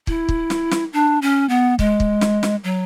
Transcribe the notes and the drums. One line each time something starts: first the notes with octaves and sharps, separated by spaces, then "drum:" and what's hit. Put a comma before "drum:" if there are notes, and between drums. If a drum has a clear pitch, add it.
E4, drum: kick
drum: kick
drum: snare
drum: snare
D4
C#4
B3
G#3, drum: kick
drum: kick
drum: snare
drum: snare
F#3